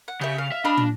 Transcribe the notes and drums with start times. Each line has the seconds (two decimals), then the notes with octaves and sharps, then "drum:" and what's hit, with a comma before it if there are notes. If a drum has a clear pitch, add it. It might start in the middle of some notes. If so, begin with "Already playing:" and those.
0.08 F#5
0.21 C#3 G4 E5
0.38 F5
0.52 E5
0.65 D4 D#5 F5 B5
0.77 drum: tom